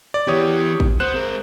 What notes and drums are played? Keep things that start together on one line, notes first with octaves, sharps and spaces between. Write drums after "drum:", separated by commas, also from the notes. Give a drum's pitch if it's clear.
D5
E3 B3 G4 C#5 D#6
drum: kick
B3 C5 F#6 E7
G#3 A#4